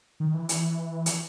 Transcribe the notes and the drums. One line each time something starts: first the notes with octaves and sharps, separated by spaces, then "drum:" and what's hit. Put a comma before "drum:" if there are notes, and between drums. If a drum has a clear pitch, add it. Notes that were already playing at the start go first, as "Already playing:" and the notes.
D#3
E3
drum: hi-hat
drum: hi-hat